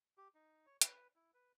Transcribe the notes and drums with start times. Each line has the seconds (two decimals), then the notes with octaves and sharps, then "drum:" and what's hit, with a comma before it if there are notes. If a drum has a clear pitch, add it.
0.18 G4
0.35 D#4
0.66 C#5
0.82 B4, drum: hi-hat
1.16 E4
1.34 B4